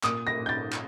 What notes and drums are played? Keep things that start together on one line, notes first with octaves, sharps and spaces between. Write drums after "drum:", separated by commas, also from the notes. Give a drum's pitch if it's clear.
A#2 D#6, drum: clap
A#6
A#2
G6
A6
drum: clap